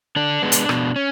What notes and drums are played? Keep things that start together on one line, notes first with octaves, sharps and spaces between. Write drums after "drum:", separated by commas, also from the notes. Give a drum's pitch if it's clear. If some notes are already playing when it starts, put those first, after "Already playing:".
D3 D4
G#3 B3
drum: hi-hat
B2, drum: rim click
C#4